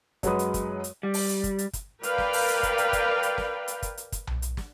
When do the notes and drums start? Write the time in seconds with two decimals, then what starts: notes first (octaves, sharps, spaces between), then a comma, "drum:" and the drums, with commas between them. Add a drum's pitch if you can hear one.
0.23 F#2 F#3 G#3 B4 D#6, drum: kick, hi-hat
0.39 drum: hi-hat
0.54 drum: kick, hi-hat
0.84 drum: hi-hat
1.03 G3
1.14 drum: open hi-hat
1.29 drum: hi-hat
1.44 drum: kick, hi-hat
1.59 drum: hi-hat
1.73 drum: kick, hi-hat
2.03 A#4 B4 D5 F5 G5, drum: hi-hat
2.18 drum: snare
2.33 drum: open hi-hat
2.48 drum: hi-hat
2.63 drum: kick, hi-hat
2.78 drum: hi-hat
2.93 drum: kick, hi-hat
3.23 drum: hi-hat
3.38 drum: snare
3.68 drum: hi-hat
3.83 drum: kick, hi-hat
3.97 drum: hi-hat
4.12 drum: kick, hi-hat
4.27 drum: tom B1
4.42 drum: hi-hat
4.57 drum: snare